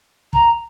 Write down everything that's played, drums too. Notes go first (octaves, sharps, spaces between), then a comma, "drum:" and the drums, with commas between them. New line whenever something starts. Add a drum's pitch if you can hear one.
A#5, drum: kick